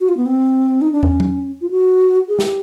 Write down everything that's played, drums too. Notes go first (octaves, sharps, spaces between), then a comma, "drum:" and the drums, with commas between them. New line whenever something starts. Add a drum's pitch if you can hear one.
F#4
F4
B3
C4
D#4
D4
C#4, drum: tom
drum: tom F#3
F4
F#4
G#4
G4, drum: snare